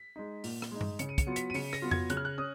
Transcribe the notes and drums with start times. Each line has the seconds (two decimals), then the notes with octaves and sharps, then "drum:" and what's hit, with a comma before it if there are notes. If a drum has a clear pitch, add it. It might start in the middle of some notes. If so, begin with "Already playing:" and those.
Already playing: B6
0.16 G#3 D#4
0.44 A#2, drum: open hi-hat
0.62 drum: rim click
0.71 G#3 D#4
0.81 drum: tom G2
0.99 C#3 C#7, drum: hi-hat
1.09 D#7
1.18 C#7, drum: kick, hi-hat
1.27 F#3 B3 F4
1.36 B6, drum: hi-hat
1.50 D#7
1.54 C#3 C#7, drum: open hi-hat
1.73 A#6, drum: rim click
1.82 F#3 B3 F4
1.91 G#6, drum: tom F2
2.10 C#3 F#6, drum: hi-hat
2.17 F6
2.25 F#6
2.38 C#4 D#6